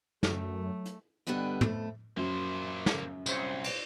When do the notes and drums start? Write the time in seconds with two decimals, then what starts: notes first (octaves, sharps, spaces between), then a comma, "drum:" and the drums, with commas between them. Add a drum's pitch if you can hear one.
0.23 F#2 F#3 A3, drum: snare
0.85 drum: hi-hat
1.27 G2 D3 G3 B3 B4 D#5
1.61 F2 A3, drum: tom
2.17 F#2 F#3 A#3 C5
2.86 drum: snare
3.26 C2 A#2 C5 C#5, drum: tambourine
3.64 drum: cymbal